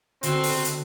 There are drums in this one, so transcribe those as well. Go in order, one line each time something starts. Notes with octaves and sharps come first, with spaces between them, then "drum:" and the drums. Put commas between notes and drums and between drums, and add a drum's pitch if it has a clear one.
D3 B3 C4 F#4, drum: hi-hat
drum: open hi-hat
drum: hi-hat